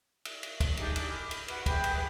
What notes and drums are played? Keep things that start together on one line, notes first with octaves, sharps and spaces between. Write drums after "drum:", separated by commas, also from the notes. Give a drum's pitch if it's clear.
drum: cymbal
drum: cymbal
drum: kick, cymbal
D4 D#4 G4 G#4, drum: cymbal
drum: cymbal
B5 D6 F6
drum: cymbal
F#4 B4, drum: cymbal
G4 G#4 B4 E5, drum: kick, cymbal
drum: cymbal